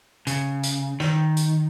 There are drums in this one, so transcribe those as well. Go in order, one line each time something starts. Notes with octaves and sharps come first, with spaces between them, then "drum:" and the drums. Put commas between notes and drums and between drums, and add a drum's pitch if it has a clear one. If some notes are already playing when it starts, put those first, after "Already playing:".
C#3, drum: hi-hat
drum: hi-hat
D#3, drum: rim click
drum: hi-hat